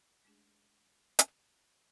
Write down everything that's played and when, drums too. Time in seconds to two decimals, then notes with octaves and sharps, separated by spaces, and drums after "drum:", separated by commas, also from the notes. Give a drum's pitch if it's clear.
0.25 G#3 A3 D4 G#4
1.19 drum: hi-hat